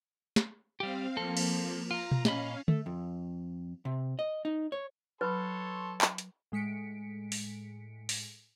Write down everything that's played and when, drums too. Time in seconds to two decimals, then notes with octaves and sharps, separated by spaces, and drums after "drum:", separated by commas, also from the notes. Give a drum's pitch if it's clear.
0.36 drum: snare
0.80 G3 C4 G4 F5
1.17 F3 A#3 C4 A4
1.37 drum: cymbal
1.91 F4 A#5
2.12 drum: tom B2
2.25 A#2 C#4 D#5 F5 B5, drum: snare
2.68 A3, drum: tom D3
2.86 F2
3.85 C3
4.19 D#5
4.45 D#4
4.72 C#5
5.21 F#3 A4 B4 C#5 B5 C6 F#6
6.01 drum: clap
6.18 drum: hi-hat
6.52 A2 G#3 B6 C#7 D7
7.32 drum: open hi-hat
8.09 drum: open hi-hat